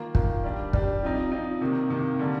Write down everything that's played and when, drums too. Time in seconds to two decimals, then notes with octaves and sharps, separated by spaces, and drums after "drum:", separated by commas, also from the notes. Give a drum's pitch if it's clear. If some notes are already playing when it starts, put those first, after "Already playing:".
Already playing: D#3 A#3 F4
0.15 D#3 A#3 F4, drum: kick
0.43 G3 D4 G4
0.73 G3 D4 G4, drum: kick
1.03 F3 C4 D#4
1.32 F3 C4 D#4
1.61 C3 D#3 A#3
1.90 C3 D#3 A#3
2.19 D3 G3 A#3